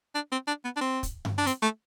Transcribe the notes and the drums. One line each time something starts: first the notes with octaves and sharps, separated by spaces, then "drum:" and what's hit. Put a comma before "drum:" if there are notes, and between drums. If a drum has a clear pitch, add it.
D4
C4
D4
B3
D4
C4
drum: kick, hi-hat
drum: tom G2
D4
C4, drum: hi-hat
A3